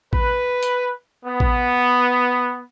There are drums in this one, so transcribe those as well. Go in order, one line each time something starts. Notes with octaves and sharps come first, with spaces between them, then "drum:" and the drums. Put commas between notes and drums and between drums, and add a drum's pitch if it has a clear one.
B4, drum: kick A1
drum: hi-hat
B3
drum: kick A1